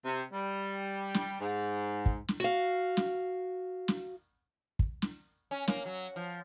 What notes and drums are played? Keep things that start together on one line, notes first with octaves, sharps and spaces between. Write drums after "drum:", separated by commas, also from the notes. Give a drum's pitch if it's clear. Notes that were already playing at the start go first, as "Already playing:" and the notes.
C3
G3
drum: snare
G#2
drum: kick
drum: snare
F#4 F5
drum: snare
drum: snare
drum: kick
drum: snare
C#4
A#3, drum: snare
F#3
F3